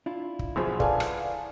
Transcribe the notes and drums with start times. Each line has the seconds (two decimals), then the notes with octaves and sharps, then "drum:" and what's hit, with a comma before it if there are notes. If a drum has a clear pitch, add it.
0.06 D4 E4 F4
0.39 drum: kick
0.56 B1 F#2 F3 G#4
0.80 A4 B4 D5 F5 G#5 A5, drum: kick
1.00 drum: rim click